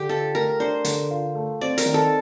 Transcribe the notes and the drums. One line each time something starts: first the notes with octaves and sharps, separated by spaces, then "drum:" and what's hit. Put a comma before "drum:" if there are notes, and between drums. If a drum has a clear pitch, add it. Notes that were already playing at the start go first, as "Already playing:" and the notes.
Already playing: D3 G4
F4 A4
A3 A#4
D4 C5
D3, drum: hi-hat
F4
A3
C4 D5
A#4, drum: hi-hat
D#3
A4